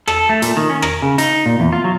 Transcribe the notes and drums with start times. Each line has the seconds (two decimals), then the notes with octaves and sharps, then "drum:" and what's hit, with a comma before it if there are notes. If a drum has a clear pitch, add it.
0.08 A4, drum: rim click
0.29 A3
0.42 A#2, drum: hi-hat
0.57 D#3
0.70 C#4
0.82 A#4, drum: rim click
1.02 C#3
1.18 D#4, drum: hi-hat
1.46 A#2
1.60 E2
1.73 F4
1.84 F#3